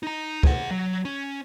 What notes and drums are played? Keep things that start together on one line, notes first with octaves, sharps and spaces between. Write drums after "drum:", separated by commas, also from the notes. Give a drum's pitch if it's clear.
D#4 A#5
G#4 F#5, drum: kick
F#3
C#4